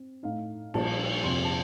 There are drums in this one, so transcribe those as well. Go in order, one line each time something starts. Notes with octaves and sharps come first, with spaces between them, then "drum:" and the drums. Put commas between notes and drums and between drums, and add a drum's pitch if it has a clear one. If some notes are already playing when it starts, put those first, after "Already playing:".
Already playing: C4
A2 A3 D#4 F5
A#1 A#2 G3 A#3 A5, drum: cymbal
F2 C3 F3 C6
A5